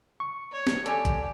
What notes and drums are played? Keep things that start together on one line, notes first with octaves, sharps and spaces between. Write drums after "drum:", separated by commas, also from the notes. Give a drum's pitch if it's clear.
C#6
C#5
drum: snare
G4 A4 D5 G#5, drum: hi-hat
drum: kick, hi-hat